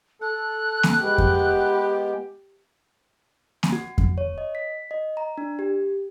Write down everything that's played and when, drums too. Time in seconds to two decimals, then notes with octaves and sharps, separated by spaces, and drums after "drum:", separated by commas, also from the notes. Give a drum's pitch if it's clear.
0.22 A4 F#6
0.83 drum: snare A#3
1.02 G#3 B3 G4
1.18 drum: kick F2
3.63 drum: snare A#3
3.72 F#4
3.98 drum: kick F2
4.18 C#5
4.38 D#5
4.55 B6
4.91 D#5
5.17 A#5
5.38 D4
5.59 G4